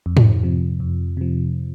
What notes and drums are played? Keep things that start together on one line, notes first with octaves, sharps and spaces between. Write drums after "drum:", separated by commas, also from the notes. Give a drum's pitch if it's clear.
F2
drum: tom G#2
C3 F3
F2
C3 F3